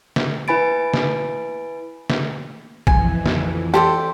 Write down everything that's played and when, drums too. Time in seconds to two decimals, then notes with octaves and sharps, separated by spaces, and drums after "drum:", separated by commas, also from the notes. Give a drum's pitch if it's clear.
0.16 drum: snare
0.48 E4 B4 G#5 B5 A6 D7
0.94 drum: snare
2.10 drum: snare
2.87 F2 E3 G#5, drum: kick
3.26 drum: snare
3.74 G4 A4 C5 D5